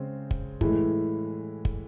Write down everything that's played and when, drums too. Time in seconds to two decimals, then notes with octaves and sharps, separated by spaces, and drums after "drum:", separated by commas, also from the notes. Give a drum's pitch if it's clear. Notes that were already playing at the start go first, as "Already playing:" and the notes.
Already playing: C#3 G#3 C4
0.31 drum: kick
0.61 A2 E3 G#3, drum: kick
1.65 drum: kick